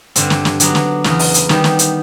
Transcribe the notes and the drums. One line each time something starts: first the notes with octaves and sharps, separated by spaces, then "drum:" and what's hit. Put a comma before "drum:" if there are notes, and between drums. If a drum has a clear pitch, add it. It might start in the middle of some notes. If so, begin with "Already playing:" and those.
G2 D3 G3 C4, drum: hi-hat
drum: snare
drum: snare
D3 F#3 B3, drum: hi-hat
drum: snare
E2 C#3 F#3 B3, drum: snare
drum: open hi-hat
drum: hi-hat
D#3 G3 B3, drum: snare
drum: snare
drum: hi-hat